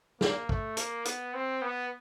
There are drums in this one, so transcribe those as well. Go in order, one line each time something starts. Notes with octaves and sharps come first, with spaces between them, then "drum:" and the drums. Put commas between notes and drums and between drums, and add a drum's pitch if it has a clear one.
A#3, drum: snare
A3, drum: kick
A#3, drum: hi-hat
B3, drum: hi-hat
C4
B3